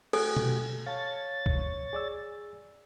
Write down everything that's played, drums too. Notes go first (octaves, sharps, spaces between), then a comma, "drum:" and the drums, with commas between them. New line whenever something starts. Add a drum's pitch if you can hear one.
A3 F#4 G4 A4 G#5 F#6, drum: cymbal
drum: tom B2
C#5 F5 A5 A6
drum: kick
G#4 D5 E6